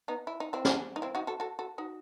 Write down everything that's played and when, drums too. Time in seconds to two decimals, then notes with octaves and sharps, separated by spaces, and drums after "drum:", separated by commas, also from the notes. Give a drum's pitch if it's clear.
0.08 B3 D#4
0.27 E4
0.40 D#4
0.53 C4 E4
0.65 drum: snare
0.96 D#4
1.02 C4 E4
1.15 D#4 F#4
1.27 F#4 A4
1.40 F#4 A4
1.59 F#4 A4
1.78 D#4 F#4